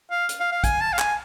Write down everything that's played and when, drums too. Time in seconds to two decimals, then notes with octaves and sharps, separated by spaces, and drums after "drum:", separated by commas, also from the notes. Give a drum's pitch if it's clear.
0.11 F5
0.29 drum: hi-hat
0.40 F5
0.52 F5
0.64 G#5, drum: kick, hi-hat
0.81 A5
0.93 F5
0.99 G#5, drum: clap